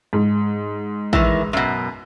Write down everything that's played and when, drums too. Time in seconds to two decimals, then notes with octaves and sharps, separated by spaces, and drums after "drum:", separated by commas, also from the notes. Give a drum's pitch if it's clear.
0.13 G#2
1.13 D#3 E3, drum: kick A1
1.53 F#2 B2